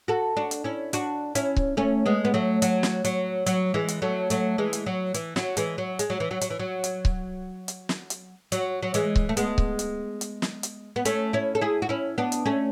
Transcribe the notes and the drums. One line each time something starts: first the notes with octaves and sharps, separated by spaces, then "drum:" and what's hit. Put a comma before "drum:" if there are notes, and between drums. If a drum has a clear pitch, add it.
F#4 A4
D4 F#4
drum: hi-hat
C#4 E4
D4 F#4, drum: hi-hat
C#4 E4, drum: hi-hat
drum: kick C#1
A3 C#4
G#3 B3
B3
F#3 A3
F#3, drum: hi-hat
drum: snare
F#3, drum: hi-hat
F#3, drum: hi-hat
E3 G#3
drum: hi-hat
F#3 A3
F#3 A3, drum: hi-hat
E3 G#3
drum: hi-hat
F#3
E3, drum: hi-hat
F#3, drum: snare
E3 G#3, drum: hi-hat
F#3
G#3, drum: hi-hat
F#3
E3
F#3
F#3, drum: hi-hat
E3
F#3
drum: hi-hat
drum: kick C#1
drum: hi-hat
drum: snare
drum: hi-hat
F#3, drum: hi-hat
F#3
E3 G#3, drum: hi-hat
drum: kick C#1
A3
G#3 B3, drum: hi-hat
drum: kick C#1
drum: hi-hat
drum: hi-hat
drum: snare
drum: hi-hat
B3
A3 C#4, drum: hi-hat
C#4 E4
A4
E4 G#4
F#4
C#4 E4
B3 D4
drum: hi-hat
A3 C#4